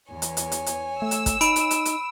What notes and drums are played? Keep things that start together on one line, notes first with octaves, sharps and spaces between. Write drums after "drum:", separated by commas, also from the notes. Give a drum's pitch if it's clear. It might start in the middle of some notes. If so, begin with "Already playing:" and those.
E2 C#5 G#5
drum: hi-hat
drum: hi-hat
drum: hi-hat
drum: hi-hat
A3 E6
drum: hi-hat
drum: kick, hi-hat
D#4 B5 D7, drum: hi-hat
drum: hi-hat
drum: hi-hat
drum: hi-hat